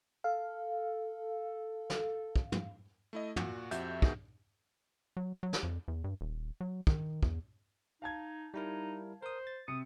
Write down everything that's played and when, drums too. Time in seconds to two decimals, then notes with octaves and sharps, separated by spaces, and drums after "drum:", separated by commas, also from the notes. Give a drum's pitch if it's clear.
0.24 A4 F5
1.90 drum: snare
2.36 drum: kick
2.52 drum: tom
3.13 A3 E4 D#5
3.36 A#2 F#4, drum: tom
3.71 F2 F#4 G4 E5 G6, drum: hi-hat
4.02 B2 D#3 G#4 E5, drum: kick
5.17 F#3
5.43 F#3
5.53 drum: snare
5.63 F2
5.88 E2
6.04 G2
6.21 D#1
6.61 F#3
6.87 D#3, drum: kick
7.23 E2, drum: kick
8.02 D#4 F5 A5 G#6
8.54 G3 D#4 E4 A#4
9.22 A#4 C5 D#6
9.47 A6
9.68 C3 D#6 C#7